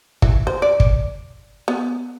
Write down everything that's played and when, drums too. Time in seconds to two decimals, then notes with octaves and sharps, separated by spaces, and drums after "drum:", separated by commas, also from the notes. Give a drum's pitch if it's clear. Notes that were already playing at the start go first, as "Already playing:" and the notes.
0.22 E3, drum: kick
0.47 C5
0.62 D5
0.80 drum: kick
1.68 B3